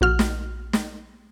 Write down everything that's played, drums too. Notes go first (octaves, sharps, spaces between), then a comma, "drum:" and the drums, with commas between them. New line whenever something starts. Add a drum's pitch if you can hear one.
A#1 F#4 F6
drum: snare
drum: snare